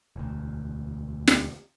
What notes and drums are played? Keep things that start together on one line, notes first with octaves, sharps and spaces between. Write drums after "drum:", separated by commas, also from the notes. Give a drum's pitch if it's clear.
E1 D2
drum: snare